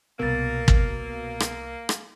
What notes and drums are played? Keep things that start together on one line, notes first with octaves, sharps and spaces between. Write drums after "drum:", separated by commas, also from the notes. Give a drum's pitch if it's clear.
C2 B2 A#3 A#4 E6 A6
drum: kick
drum: rim click
drum: rim click